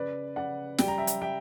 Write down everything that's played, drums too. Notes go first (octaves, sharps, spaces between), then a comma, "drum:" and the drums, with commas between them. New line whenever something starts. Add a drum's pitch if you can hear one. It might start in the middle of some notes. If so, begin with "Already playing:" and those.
Already playing: C#3 B4 D5
C#3 D5 F#5
G3 G5, drum: snare
A#5
E5 G5
drum: hi-hat
G3 E5 G5